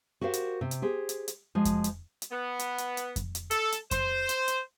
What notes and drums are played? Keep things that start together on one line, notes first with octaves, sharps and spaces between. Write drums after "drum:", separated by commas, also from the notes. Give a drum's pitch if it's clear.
F#4 G4 A#4 C5 F5
drum: hi-hat
C3
drum: hi-hat
G4 G#4 C5
drum: hi-hat
drum: hi-hat
F3 G#3 F#4
drum: kick F2, hi-hat
drum: hi-hat
drum: hi-hat
B3
drum: hi-hat
drum: hi-hat
drum: hi-hat
drum: kick F2, hi-hat
drum: hi-hat
A4, drum: hi-hat
drum: hi-hat
C5, drum: kick F2, hi-hat
drum: hi-hat
drum: hi-hat